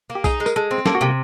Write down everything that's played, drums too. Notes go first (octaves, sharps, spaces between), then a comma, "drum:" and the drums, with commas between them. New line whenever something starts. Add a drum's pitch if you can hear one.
A#3
G4
D#4 G#4, drum: kick B1, tambourine
G#3
A#4, drum: tambourine
G#3 A4
C4
A#3 A4, drum: snare
F#4
C3 G4